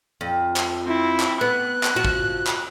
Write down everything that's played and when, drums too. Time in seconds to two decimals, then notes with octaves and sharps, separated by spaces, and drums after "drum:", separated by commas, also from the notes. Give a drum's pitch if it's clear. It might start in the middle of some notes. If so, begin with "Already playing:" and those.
0.21 F2
0.56 drum: clap
0.84 C4 E4
1.20 drum: clap
1.41 B3 F#6
1.83 drum: clap
1.95 F3 F#4
2.05 drum: kick
2.47 drum: clap